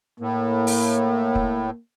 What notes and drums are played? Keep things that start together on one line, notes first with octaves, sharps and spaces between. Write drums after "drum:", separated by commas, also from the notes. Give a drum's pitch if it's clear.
A2 A#3
drum: open hi-hat
drum: kick